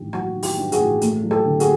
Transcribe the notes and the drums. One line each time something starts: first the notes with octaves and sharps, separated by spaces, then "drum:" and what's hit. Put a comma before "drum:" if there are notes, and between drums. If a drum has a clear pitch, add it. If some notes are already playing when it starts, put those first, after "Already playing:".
Already playing: A1 G2 D#3 G4
F#3 F#4, drum: rim click
D#3
G4, drum: open hi-hat
G2
F#4 G#4, drum: hi-hat
A1
A3, drum: hi-hat
F#3
G4 A4, drum: rim click
D3
F#4 G#4, drum: hi-hat